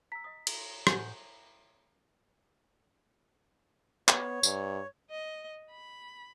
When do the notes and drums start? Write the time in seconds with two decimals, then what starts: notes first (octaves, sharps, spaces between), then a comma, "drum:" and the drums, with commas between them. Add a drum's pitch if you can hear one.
0.12 A#5 E6 B6
0.24 D#5 D#6
0.47 drum: cymbal
0.87 A2 G#4 C5 F#5 G#5 G6, drum: rim click
4.08 B3 C#5, drum: clap
4.43 G2, drum: tambourine
5.11 D#5
5.71 B5